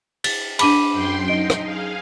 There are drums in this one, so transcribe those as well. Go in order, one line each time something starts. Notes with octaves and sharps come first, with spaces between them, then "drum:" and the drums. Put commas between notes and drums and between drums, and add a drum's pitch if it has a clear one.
A6, drum: cymbal
D4 A5 B5 D6 D#7, drum: cymbal
F#2 G5 C6
D#4 D#5 D7
drum: rim click
G#4 F5